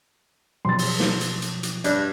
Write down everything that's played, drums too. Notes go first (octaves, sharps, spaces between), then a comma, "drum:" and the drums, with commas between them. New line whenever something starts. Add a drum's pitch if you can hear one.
B2 F3 F#3 C6 A6
drum: open hi-hat
drum: snare
drum: hi-hat
drum: hi-hat
drum: hi-hat
G2 D5 F#6, drum: hi-hat